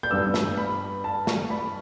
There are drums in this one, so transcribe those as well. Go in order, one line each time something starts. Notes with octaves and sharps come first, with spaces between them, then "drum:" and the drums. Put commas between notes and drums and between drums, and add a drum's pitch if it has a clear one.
G6
G2 G3 B3 E6
drum: snare
B5
A5
drum: snare
B5